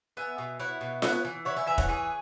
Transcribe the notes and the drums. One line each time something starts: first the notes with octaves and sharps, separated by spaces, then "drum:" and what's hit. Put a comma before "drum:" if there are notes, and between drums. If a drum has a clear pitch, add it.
B3 E5 G#5
B2
E4 C#5 F#5
B2
B3 C#5 F#5, drum: snare F4
E3
E4 C#5 F#5
E5 G#5
E3 E5 G#5
C#5 F#5, drum: kick
E3 G#4 C#5